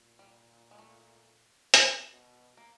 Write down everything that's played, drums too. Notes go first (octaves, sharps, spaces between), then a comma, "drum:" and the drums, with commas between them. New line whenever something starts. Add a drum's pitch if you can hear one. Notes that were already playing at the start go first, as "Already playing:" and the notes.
Already playing: A#2
G3
G#3
A3
drum: hi-hat
B2
A#3